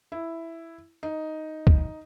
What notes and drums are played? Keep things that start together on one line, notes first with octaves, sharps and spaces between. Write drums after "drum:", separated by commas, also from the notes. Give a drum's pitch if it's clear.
E4
D#4
drum: kick